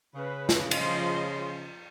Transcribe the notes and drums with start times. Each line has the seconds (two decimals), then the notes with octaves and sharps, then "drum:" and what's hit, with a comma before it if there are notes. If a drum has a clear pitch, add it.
0.15 C#3 B4
0.49 drum: snare
0.71 F3 D#5 C6, drum: cymbal